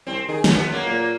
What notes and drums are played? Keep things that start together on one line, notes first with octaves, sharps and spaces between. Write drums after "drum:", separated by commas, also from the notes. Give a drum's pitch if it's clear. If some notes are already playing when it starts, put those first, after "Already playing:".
C2 C4
D#3 G#4
F#2 D3 B3, drum: snare
F#3 A#3
A#2